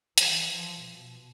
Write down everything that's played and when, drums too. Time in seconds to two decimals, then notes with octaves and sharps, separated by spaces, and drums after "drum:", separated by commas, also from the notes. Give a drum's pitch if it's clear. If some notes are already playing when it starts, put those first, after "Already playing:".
0.18 E3, drum: hi-hat
0.49 F3
0.81 B2